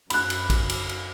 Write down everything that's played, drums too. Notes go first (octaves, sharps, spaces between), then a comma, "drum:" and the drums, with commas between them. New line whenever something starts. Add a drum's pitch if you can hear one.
F#2 B5 F#6, drum: cymbal
drum: cymbal
drum: kick, cymbal
drum: cymbal
drum: cymbal